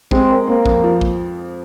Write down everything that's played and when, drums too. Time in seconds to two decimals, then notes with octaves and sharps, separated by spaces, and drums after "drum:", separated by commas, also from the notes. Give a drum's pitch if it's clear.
0.11 G#3 C4, drum: kick
0.29 A#4
0.47 A#3 C4
0.66 F2, drum: kick
0.84 F3
1.01 drum: kick